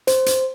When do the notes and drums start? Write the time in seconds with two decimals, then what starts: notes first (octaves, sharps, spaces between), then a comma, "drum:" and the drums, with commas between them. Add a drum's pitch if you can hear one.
0.07 C5, drum: hi-hat
0.26 drum: hi-hat